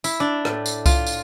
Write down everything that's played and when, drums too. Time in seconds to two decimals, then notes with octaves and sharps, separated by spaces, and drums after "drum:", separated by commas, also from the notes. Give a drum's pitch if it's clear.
0.04 E4, drum: tambourine
0.20 D4
0.45 A2, drum: rim click
0.66 drum: tambourine
0.86 F4, drum: kick C2, tambourine
1.07 drum: tambourine